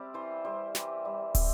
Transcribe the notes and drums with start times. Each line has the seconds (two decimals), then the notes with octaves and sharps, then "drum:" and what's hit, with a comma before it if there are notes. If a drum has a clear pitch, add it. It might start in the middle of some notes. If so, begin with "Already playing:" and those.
Already playing: G3 C4 D5 E5
0.14 E3 C5
0.45 G3 C5
0.75 E3 G4, drum: snare
1.05 G3
1.35 C4, drum: kick, open hi-hat